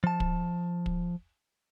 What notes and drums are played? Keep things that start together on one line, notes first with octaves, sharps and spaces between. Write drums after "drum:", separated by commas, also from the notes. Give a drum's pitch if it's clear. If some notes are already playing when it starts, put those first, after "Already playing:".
F3 A5
drum: kick
drum: kick